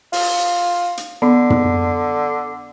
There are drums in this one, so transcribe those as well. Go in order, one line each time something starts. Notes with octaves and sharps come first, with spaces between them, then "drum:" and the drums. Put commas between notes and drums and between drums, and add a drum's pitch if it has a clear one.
F4, drum: open hi-hat
drum: hi-hat
D3 B3
drum: tom